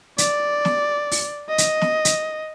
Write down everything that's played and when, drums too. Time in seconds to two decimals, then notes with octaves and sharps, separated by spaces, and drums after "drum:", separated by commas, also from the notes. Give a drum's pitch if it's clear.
0.18 D5, drum: hi-hat
0.65 drum: snare
1.11 drum: open hi-hat
1.49 D#5
1.58 drum: hi-hat
1.81 drum: snare
2.05 drum: hi-hat